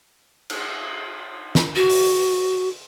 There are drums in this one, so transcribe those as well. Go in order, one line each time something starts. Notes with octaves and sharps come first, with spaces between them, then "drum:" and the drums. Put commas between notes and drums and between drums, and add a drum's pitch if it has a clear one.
drum: cymbal
drum: snare
F#4
drum: open hi-hat